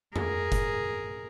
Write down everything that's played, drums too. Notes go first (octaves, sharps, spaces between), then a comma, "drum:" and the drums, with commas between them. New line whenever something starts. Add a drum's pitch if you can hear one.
G#4 A#4, drum: tom F2
drum: kick F#1, hi-hat